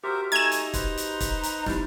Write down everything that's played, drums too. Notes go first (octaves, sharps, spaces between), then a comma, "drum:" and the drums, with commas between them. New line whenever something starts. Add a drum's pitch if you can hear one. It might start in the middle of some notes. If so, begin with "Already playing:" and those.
F#4 G4 A#4 C5 E5
A3 D#4 G#5 A#5 G#6 E7
drum: hi-hat
B4 C5, drum: kick, hi-hat
drum: hi-hat
drum: kick, hi-hat
drum: hi-hat
G3 D#4 E4, drum: snare